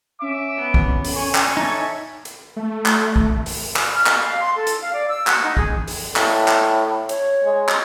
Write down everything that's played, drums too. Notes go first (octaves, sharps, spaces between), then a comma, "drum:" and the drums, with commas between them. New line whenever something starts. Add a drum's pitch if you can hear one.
C#4 E5 D6
B3
drum: kick
drum: open hi-hat
G#5 C#6
drum: clap
D#4 A4 C#5 E5
drum: hi-hat
A3
drum: clap
drum: kick
drum: open hi-hat
drum: clap
F6
drum: clap
F5
C6
A4
drum: hi-hat
F5
D5
E6
F#5, drum: clap
D#4
G#4, drum: kick
drum: open hi-hat
A2, drum: clap
drum: clap
C#5, drum: hi-hat
G#3
drum: clap